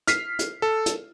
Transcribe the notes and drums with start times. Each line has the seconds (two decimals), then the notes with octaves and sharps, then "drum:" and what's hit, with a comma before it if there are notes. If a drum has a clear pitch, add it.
0.07 F6 B6 C7, drum: hi-hat
0.39 drum: hi-hat
0.62 A4
0.86 drum: hi-hat